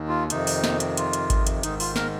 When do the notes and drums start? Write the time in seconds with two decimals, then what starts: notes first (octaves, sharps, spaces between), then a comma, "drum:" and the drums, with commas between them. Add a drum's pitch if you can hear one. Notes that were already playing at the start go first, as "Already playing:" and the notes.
Already playing: D#2 D#3
0.08 F4
0.30 F2 C3 D#3 D#4, drum: hi-hat
0.47 drum: open hi-hat
0.64 drum: snare
0.80 drum: hi-hat
0.97 F4, drum: hi-hat
1.13 drum: hi-hat
1.30 drum: kick G#1, hi-hat
1.47 drum: hi-hat
1.63 G#2 D#3 D#4, drum: hi-hat
1.80 F4, drum: open hi-hat
1.96 A#4, drum: snare